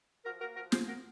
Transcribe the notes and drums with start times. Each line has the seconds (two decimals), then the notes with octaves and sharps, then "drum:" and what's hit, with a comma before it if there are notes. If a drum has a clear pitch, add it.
0.25 F3 F#4 A#4
0.41 A#3 F#4 A#4
0.56 F3 F#4 A#4
0.72 F3 G#4 C5, drum: snare
0.88 F#4 A#4